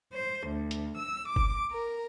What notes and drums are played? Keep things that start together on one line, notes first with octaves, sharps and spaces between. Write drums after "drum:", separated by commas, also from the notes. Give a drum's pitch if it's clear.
C5
D2
drum: hi-hat
E6
D6
drum: kick G1
A#4